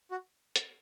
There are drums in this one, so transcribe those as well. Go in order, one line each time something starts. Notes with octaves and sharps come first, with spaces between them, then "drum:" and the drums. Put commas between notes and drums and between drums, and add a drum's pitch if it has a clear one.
F#4
drum: hi-hat